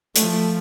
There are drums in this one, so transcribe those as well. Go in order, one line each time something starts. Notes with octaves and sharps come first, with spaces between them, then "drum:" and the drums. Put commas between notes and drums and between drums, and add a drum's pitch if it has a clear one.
F3 A3, drum: hi-hat